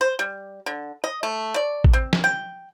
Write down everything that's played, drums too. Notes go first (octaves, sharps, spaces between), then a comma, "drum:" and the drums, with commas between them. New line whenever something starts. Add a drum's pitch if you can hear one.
C5
G3
D3
D#5
A3
D5
drum: kick A1
C4
drum: snare
G5